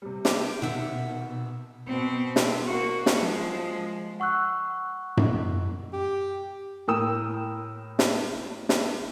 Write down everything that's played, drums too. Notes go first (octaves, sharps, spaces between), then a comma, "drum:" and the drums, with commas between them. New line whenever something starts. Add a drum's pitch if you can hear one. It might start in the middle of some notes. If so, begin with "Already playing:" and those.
C3 G3
G4, drum: snare
B2 D#3 E5 F#5
B2 C4
drum: snare
A#3 F#4
drum: snare
F3 G#3
F#5 C#6 E6 F#6
drum: tom F#2
G4
A2 A#4 G5 D#6 E6 E7
drum: snare
drum: snare